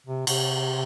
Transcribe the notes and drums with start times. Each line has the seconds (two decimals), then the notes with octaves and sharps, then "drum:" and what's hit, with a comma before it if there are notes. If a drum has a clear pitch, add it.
0.07 C3
0.27 C3, drum: cymbal